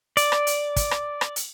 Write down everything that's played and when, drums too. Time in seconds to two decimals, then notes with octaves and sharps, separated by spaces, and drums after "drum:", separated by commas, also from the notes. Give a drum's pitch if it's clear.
0.17 D5, drum: hi-hat
0.32 drum: rim click
0.47 drum: hi-hat
0.76 drum: kick, hi-hat
0.91 drum: rim click
1.21 drum: rim click
1.36 drum: hi-hat